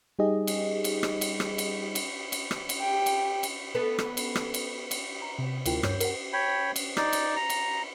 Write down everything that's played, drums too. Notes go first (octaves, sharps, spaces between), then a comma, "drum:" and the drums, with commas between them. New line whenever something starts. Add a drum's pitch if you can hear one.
G3 D#4 G4 G#4 D#5
drum: cymbal
drum: cymbal
drum: rim click
drum: cymbal
drum: rim click
drum: cymbal
drum: cymbal
drum: cymbal
drum: rim click
drum: cymbal
G4 G5
drum: cymbal
drum: cymbal
B3 A4 B4
drum: rim click
drum: cymbal
drum: rim click
drum: cymbal
drum: cymbal
A#5
C3
D2 E4 F4 A#4 G5, drum: cymbal
G2 C#5 G6, drum: rim click
A#4 F#5, drum: cymbal
C#5 G5 B5
drum: cymbal
D#4 D5, drum: rim click
drum: cymbal
A#5
drum: cymbal